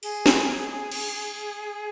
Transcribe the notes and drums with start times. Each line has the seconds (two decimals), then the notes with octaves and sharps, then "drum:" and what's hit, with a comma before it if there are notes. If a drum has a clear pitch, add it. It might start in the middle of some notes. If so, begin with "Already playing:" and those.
0.03 G#4, drum: open hi-hat
0.26 drum: snare
0.92 drum: cymbal